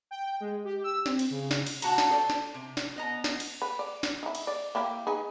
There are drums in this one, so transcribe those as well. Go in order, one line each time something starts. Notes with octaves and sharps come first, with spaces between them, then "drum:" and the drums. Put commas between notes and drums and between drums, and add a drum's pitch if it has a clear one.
G5
G#3
G4
E6
C4, drum: snare
drum: cymbal
C#3
drum: snare
drum: cymbal
A#2 F#4 F#5 A5 A#5, drum: cymbal
drum: snare
A4 C5 D5
drum: snare
C3
drum: snare
B3 D#5 A#5
drum: snare
drum: cymbal
B4
D5
drum: snare
D#4 E4
drum: cymbal
D5
A#3 E4 G4
D#4 G#4 B4